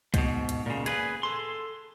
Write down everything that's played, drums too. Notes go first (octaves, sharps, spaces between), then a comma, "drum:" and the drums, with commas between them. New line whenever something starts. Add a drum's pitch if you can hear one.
G#2 B2, drum: kick, hi-hat
drum: hi-hat
A#2 C#3
G#4 B4, drum: hi-hat
A4 C6